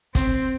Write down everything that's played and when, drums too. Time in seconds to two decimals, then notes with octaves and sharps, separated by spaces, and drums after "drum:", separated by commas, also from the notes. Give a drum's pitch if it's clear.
0.15 C4, drum: kick, hi-hat